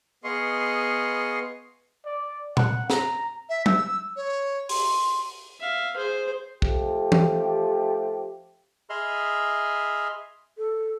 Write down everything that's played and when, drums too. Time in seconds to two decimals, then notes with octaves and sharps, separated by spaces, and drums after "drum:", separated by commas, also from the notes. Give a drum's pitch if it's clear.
0.24 B3 G#4 D#5 F5 C6 C#6
2.06 D5
2.57 F#5, drum: tom A#2
2.90 A#5, drum: snare
3.49 E5
3.66 E6, drum: tom F#3
4.16 C#5
4.69 C6, drum: open hi-hat
5.60 E5 F5
5.96 G#4 C5
6.62 F3 A3 G4, drum: kick
7.12 drum: tom E3
8.90 G#4 D#5 E5 B5 C6 F6
10.58 A4